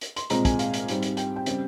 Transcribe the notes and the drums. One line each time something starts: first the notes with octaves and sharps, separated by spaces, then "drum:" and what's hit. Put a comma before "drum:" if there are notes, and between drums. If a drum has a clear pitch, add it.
drum: hi-hat
C6, drum: hi-hat
C2 A#2 G#3 C4 A#5, drum: hi-hat
G#5, drum: kick, hi-hat
F5, drum: hi-hat
drum: hi-hat
G#2 G3 C4, drum: hi-hat
drum: hi-hat
G5, drum: hi-hat
G5
C#3 G3 C4, drum: hi-hat